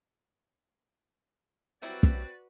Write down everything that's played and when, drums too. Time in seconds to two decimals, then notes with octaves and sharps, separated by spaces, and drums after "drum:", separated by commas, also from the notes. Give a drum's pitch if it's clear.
1.82 F#3 G3 C4 E4 F#4 B4 D5 A6
2.03 drum: kick